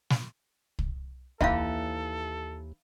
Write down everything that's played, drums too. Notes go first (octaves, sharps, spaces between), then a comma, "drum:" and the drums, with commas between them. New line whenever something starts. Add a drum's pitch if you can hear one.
drum: snare
drum: kick
D#2 E3 D#4 A4 E5 F5 G5, drum: kick